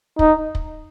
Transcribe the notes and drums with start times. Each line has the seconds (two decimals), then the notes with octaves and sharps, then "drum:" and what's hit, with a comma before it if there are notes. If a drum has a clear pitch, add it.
0.19 D#4, drum: kick
0.55 drum: kick